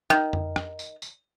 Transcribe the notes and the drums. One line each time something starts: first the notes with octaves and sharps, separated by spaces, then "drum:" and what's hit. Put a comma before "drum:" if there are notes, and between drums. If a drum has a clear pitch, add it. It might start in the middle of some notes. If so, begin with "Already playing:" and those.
D#3, drum: rim click
drum: tom F2
drum: rim click
drum: tambourine
drum: tambourine